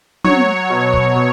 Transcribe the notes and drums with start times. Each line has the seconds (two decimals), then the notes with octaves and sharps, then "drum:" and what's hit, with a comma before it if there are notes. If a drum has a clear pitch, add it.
0.24 F#3 C#5, drum: tom
0.70 B2
0.93 drum: kick
1.16 B2